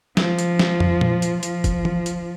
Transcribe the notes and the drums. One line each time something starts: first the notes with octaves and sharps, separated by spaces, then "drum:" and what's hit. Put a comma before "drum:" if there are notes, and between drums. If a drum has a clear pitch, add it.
F3, drum: snare
drum: hi-hat
drum: snare
drum: tom
drum: tom A#2
drum: hi-hat
F3, drum: hi-hat
drum: kick, hi-hat
drum: tom E3
drum: hi-hat